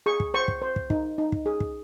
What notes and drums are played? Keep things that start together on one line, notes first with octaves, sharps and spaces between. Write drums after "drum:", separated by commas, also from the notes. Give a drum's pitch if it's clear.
G#4 C#6
drum: kick
C5 C#6
drum: kick
C5
drum: kick
D#4, drum: kick
D#4
drum: kick
G#4
drum: kick